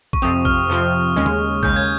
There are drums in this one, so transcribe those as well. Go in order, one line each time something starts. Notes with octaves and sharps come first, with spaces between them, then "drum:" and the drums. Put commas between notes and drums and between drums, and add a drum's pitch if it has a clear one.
C#6, drum: kick A1
F2 C3 F3 C4 D#6
F6, drum: kick A1
F2 C3 F3 C4
D#2 C#3 G#3 C#4
drum: tom
D#2 C#3 G#3 C#4 G6, drum: kick A1
G#6